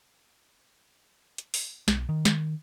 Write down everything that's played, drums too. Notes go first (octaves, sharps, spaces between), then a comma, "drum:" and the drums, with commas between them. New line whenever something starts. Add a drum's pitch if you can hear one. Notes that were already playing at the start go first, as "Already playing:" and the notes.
drum: hi-hat
drum: open hi-hat
B1, drum: snare
D#3
drum: snare